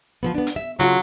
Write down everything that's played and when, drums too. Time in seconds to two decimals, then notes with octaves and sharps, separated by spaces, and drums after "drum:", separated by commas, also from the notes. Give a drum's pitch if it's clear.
0.23 F3 F#3 B3
0.35 B3 D4
0.47 drum: hi-hat
0.56 E5
0.79 C#3 F#3 F4, drum: hi-hat